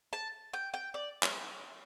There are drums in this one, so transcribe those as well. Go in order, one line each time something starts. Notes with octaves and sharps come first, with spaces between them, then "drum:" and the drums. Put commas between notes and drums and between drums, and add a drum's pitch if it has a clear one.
A5
G5
G5
D5
drum: clap